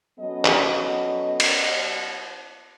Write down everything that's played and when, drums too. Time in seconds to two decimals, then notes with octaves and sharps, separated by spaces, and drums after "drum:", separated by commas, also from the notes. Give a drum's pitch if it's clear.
0.20 F#3 B3 C#4 A4 D#5
0.45 drum: clap
1.40 drum: cymbal